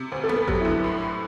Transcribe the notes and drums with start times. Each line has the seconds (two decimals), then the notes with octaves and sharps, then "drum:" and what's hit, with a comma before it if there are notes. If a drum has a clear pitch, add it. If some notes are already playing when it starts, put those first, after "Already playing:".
Already playing: C3
0.12 D2 C5
0.24 A4
0.29 B3, drum: tom A#3
0.36 A4
0.47 F#3 G4, drum: kick G#1
0.60 E4
0.65 D3
0.84 A2
1.02 A2